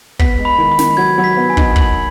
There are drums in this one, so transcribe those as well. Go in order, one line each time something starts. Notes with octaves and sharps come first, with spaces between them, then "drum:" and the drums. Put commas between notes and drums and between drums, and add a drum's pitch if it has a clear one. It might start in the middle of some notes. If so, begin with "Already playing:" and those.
B3 B6, drum: kick
G#3
B5
D#3
B5
D#3, drum: snare
F#3 G#6
F#3
B6
B3
G#5
D#4, drum: kick
F#7, drum: kick